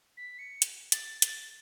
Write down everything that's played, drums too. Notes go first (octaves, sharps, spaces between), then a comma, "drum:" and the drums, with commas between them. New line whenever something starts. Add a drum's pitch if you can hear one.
B6
C#7
drum: hi-hat
A6, drum: hi-hat
A6, drum: hi-hat